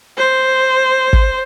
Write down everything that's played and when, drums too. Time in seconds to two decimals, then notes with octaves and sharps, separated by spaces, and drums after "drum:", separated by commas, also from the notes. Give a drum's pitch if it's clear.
0.18 C5
1.13 drum: kick